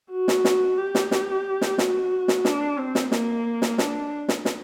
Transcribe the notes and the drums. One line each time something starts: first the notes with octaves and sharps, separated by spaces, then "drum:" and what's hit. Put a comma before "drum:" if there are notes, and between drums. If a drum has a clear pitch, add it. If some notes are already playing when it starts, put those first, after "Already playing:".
F#4
drum: snare
drum: snare
G4
drum: snare
drum: snare
drum: snare
F#4, drum: snare
drum: snare
D4, drum: snare
C4
drum: snare
A#3, drum: snare
drum: snare
D4, drum: snare
drum: snare
drum: snare